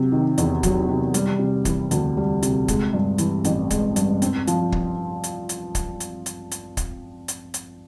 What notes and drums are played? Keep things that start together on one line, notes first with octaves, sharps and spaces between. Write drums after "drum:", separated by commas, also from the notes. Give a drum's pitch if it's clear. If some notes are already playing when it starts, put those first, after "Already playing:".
Already playing: C3 F#3
D#3
E2, drum: hi-hat
F#3, drum: kick, hi-hat
C3
G3, drum: hi-hat
C3
E3, drum: kick, hi-hat
D2, drum: hi-hat
G3
C3, drum: hi-hat
G#3, drum: kick, hi-hat
G2
E3, drum: hi-hat
A1, drum: hi-hat
G#3, drum: kick, hi-hat
G2, drum: hi-hat
C4, drum: hi-hat
F3, drum: hi-hat
drum: kick
drum: hi-hat
drum: hi-hat
drum: kick, hi-hat
drum: hi-hat
drum: hi-hat
drum: hi-hat
drum: kick, hi-hat
drum: hi-hat
drum: hi-hat